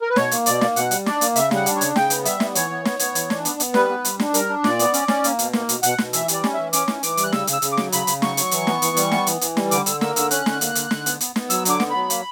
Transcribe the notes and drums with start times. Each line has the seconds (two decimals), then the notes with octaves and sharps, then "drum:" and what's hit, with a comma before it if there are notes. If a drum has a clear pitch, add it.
0.02 A#4
0.10 B4
0.16 B2 C#5, drum: snare
0.31 A#3, drum: hi-hat
0.46 B2 D5, drum: hi-hat
0.61 A#3, drum: snare
0.76 B2 F#5, drum: hi-hat
0.91 G3, drum: hi-hat
1.06 D4 D5, drum: snare
1.21 A#3, drum: hi-hat
1.36 C#3 E5, drum: hi-hat
1.51 G3 F#5, drum: snare
1.66 D4, drum: hi-hat
1.76 C#5
1.81 C#3, drum: hi-hat
1.96 C#3 G5, drum: snare
2.10 B3, drum: hi-hat
2.25 G3 E5, drum: hi-hat
2.40 B3, drum: snare
2.55 E3 C#5, drum: hi-hat
2.70 B3
2.85 B3, drum: snare
2.99 B3, drum: hi-hat
3.15 E3, drum: hi-hat
3.30 D4, drum: snare
3.45 B3, drum: hi-hat
3.60 B3, drum: hi-hat
3.74 G3 B4, drum: snare
3.90 B3
4.05 G3, drum: hi-hat
4.20 D4, drum: snare
4.34 G3 A#4, drum: hi-hat
4.49 D4
4.64 A#2 D5, drum: snare
4.79 B3, drum: hi-hat
4.94 C#4, drum: hi-hat
5.08 C#4, drum: snare
5.24 A#3, drum: hi-hat
5.39 B2, drum: hi-hat
5.53 A#3, drum: snare
5.69 B2, drum: hi-hat
5.83 B2 F#5, drum: hi-hat
5.98 B2, drum: snare
6.13 E3 E5, drum: hi-hat
6.28 G3 D5, drum: hi-hat
6.44 C#4, drum: snare
6.54 E3 E5
6.73 C#4 D6, drum: hi-hat
6.88 E3, drum: snare
7.03 E3 D6, drum: hi-hat
7.17 G3, drum: hi-hat
7.24 F#6
7.32 C#3 E6, drum: snare
7.47 C#3, drum: hi-hat
7.53 E6
7.62 C#3, drum: hi-hat
7.72 D6
7.77 F#3, drum: snare
7.92 C#3 B5, drum: hi-hat
8.07 C#3, drum: hi-hat
8.22 F#3 C#6, drum: snare
8.37 F#3, drum: hi-hat
8.51 E3, drum: hi-hat
8.67 B3, drum: snare
8.82 E3, drum: hi-hat
8.97 G3, drum: hi-hat
9.12 B3, drum: snare
9.27 E3, drum: hi-hat
9.41 E3, drum: hi-hat
9.57 G3, drum: snare
9.71 D3 D6, drum: hi-hat
9.86 D3 E6, drum: hi-hat
10.01 A#3 E6, drum: snare
10.16 D3 E6, drum: hi-hat
10.31 C#4 F#6, drum: hi-hat
10.46 D3, drum: snare
10.61 A#3, drum: hi-hat
10.75 D3, drum: hi-hat
10.91 D3, drum: snare
11.06 B3, drum: hi-hat
11.20 B3, drum: hi-hat
11.36 B3, drum: snare
11.50 F#3 E6, drum: hi-hat
11.65 D3 D6, drum: hi-hat
11.80 B3, drum: snare
11.90 F#3 B5
12.10 A#3, drum: hi-hat